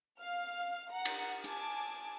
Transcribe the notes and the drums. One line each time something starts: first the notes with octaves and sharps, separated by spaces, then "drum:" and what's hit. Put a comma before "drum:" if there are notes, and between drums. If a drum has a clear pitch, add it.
F5 F6
F#5 A#5
drum: cymbal
G#5 A5 D6, drum: hi-hat